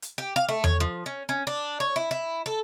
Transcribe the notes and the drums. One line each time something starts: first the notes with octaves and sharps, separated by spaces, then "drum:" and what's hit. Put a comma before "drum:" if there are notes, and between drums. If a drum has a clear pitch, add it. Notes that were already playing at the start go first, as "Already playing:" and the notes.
drum: hi-hat
G4
F5
A3
C#5, drum: tom E2
F3
C#4
C#4
D4
C#5
E4
E4
A4